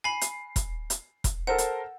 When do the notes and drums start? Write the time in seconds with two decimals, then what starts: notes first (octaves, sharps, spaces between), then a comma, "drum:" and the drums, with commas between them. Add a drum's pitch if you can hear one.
0.04 G#5 B5 C7
0.21 drum: hi-hat
0.56 drum: kick E1, hi-hat
0.90 drum: hi-hat
1.24 drum: kick E1, hi-hat
1.47 A4 A#4 C5 F#5
1.58 drum: hi-hat